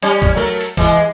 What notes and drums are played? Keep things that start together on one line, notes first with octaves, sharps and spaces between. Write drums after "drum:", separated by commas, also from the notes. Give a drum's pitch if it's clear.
G3 C#4, drum: hi-hat
drum: kick, hi-hat
F#3 A3 A#4
drum: hi-hat
E3 G#3, drum: kick, hi-hat